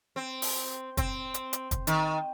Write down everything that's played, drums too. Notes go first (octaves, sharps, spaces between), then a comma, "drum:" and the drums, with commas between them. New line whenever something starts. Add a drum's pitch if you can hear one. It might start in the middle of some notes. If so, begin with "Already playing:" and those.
C4
drum: open hi-hat
C4, drum: kick, hi-hat
drum: hi-hat
drum: hi-hat
drum: kick, hi-hat
D#3, drum: hi-hat